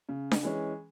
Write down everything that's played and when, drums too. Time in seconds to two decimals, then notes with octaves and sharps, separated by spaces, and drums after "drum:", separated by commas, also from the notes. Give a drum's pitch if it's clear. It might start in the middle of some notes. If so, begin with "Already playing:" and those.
0.09 C#3
0.31 drum: snare D4
0.43 E3 G#3 C#4